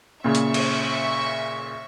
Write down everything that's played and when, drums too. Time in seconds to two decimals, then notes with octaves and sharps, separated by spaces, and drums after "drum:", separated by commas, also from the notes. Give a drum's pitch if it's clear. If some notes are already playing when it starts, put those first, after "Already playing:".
0.24 A#2 C#3 E5 C#6
0.35 drum: hi-hat
0.54 drum: cymbal